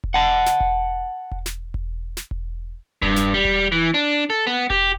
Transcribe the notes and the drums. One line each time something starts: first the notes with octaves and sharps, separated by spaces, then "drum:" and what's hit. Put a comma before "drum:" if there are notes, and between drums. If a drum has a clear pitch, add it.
drum: kick E1
F#5 A5
drum: snare
drum: kick E1
drum: kick E1
drum: snare
drum: kick E1
drum: snare
drum: kick E1
G2, drum: kick E1
drum: snare
G3
drum: kick E1
E3
D4
A4
B3
G4, drum: kick E1